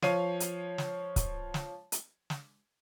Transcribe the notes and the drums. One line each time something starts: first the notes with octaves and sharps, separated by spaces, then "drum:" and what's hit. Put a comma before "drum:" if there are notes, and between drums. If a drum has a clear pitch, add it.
F3 C#5 F5 C7 D#7, drum: snare
drum: hi-hat
drum: snare
drum: kick, hi-hat
drum: snare
drum: hi-hat
drum: snare